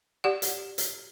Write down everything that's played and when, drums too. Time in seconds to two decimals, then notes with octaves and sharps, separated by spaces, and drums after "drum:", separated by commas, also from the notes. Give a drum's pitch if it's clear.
0.24 G4 D5 F#5
0.42 drum: hi-hat
0.78 drum: hi-hat